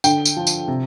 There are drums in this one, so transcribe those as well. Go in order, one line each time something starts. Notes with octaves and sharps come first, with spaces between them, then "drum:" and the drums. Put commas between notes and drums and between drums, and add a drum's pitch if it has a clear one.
D3 G5, drum: tambourine
drum: tambourine
F3
drum: tambourine
C3